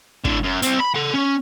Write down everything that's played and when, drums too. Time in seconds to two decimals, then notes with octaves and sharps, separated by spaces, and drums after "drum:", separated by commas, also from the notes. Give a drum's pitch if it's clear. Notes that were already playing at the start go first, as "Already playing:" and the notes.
0.25 A2 D3, drum: kick
0.44 F#2
0.62 C4 E4, drum: hi-hat
0.80 B5
0.95 A4 F#5
1.14 C#4